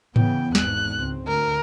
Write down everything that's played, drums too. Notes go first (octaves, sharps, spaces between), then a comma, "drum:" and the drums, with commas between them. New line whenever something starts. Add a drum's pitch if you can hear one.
C#3 E3 B3 G5, drum: tom G#2
G#1 E2 F#6, drum: snare
C#2 C4
D2 A#4